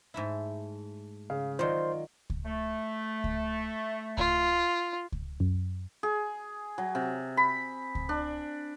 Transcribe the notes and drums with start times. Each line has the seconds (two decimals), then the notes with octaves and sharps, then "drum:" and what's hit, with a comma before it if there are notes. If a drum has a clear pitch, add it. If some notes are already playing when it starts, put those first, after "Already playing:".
0.14 G#2 A3 E4
1.30 C#3 F5
1.59 D#3 F#3 F4 C5 D5 D#5 C6
2.30 drum: kick C#2
2.46 A3
3.24 drum: kick C#2
4.17 F4, drum: kick C#2
5.12 drum: kick C#2
5.40 F#2
6.03 G#4
6.78 F#3
6.95 C3
7.37 B5
7.95 drum: kick C#2
8.09 D4